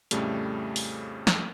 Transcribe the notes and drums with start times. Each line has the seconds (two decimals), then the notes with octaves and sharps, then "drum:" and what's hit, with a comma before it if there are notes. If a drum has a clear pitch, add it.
0.11 F2 A2 C#3 G3 A3, drum: hi-hat
0.76 drum: open hi-hat
1.27 drum: snare